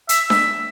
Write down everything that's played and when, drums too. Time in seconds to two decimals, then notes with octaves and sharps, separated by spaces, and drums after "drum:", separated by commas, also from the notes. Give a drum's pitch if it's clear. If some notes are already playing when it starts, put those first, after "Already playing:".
0.09 E5, drum: hi-hat
0.30 E5, drum: snare D4